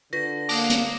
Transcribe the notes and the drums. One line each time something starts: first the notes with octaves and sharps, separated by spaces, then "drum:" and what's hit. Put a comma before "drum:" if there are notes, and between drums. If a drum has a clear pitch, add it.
D3 F4 B4 A#6 B6
A#3 A5 D6 D#6 F#6 A#6, drum: open hi-hat
drum: hi-hat